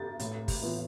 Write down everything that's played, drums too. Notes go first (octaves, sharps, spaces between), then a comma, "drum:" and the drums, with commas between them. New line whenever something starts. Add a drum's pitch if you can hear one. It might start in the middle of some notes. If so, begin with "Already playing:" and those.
Already playing: A6
A2, drum: hi-hat
drum: kick, open hi-hat
E3 B3 F4